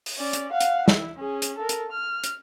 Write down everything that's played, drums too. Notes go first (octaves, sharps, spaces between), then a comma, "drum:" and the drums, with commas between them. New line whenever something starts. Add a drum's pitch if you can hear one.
drum: open hi-hat
C#4 D5
drum: hi-hat
F5 F#5
drum: hi-hat
E4, drum: snare
C#4 G#4
drum: hi-hat
A4 A#4
drum: hi-hat
F6
drum: hi-hat